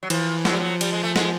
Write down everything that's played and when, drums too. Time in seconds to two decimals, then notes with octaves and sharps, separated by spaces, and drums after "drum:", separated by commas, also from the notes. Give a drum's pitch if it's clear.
0.03 F#3
0.10 E3 F3, drum: cymbal
0.45 F3 F#3, drum: snare
0.53 G3
0.60 F#3
0.81 G3, drum: cymbal
0.92 G#3
1.03 A3
1.16 G#3, drum: snare